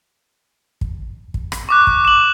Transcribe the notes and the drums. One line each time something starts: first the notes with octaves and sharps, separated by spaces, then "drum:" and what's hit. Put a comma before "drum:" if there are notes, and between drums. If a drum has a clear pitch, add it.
drum: kick
drum: kick
drum: rim click
C#6 D6 F#6
drum: kick
E7 F#7